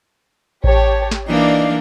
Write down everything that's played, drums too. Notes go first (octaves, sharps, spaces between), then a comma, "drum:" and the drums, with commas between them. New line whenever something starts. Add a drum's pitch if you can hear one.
G4 C#5 A5, drum: kick A1
drum: snare
E3 A#3 D4 D#4 D5 F5